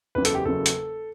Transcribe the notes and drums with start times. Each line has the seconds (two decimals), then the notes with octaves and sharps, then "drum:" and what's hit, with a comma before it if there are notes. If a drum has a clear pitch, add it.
0.15 F#1 E2 C#3 F#3 B4
0.25 A4, drum: hi-hat
0.35 G4
0.45 F#1 E2 C#3 F#3 A4
0.66 drum: hi-hat